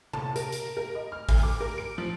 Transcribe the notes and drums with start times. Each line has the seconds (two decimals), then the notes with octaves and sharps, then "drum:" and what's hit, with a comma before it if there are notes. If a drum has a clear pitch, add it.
0.13 A5, drum: tom C3
0.36 A#4, drum: hi-hat
0.52 drum: hi-hat
0.77 A#4
0.95 D#5
1.12 F6
1.29 D2, drum: kick G#1, open hi-hat
1.43 D6
1.61 A#4
1.78 D7
1.98 F3